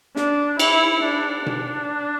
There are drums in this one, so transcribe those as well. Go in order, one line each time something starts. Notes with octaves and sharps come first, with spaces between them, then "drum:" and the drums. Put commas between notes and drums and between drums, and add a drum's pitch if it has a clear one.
D4, drum: snare
E4, drum: cymbal
D4
D4, drum: tom B2